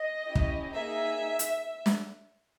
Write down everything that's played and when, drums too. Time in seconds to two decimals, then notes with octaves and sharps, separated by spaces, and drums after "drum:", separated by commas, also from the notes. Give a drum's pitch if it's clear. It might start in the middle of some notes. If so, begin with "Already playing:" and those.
Already playing: D#5
0.25 C#4 E4 G4
0.35 drum: kick
0.73 A#3 D#4 G#4 E5
1.39 drum: hi-hat
1.86 drum: snare